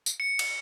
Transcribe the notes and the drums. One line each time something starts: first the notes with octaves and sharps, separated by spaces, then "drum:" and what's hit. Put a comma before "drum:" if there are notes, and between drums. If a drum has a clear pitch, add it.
drum: tambourine
C#7
drum: cymbal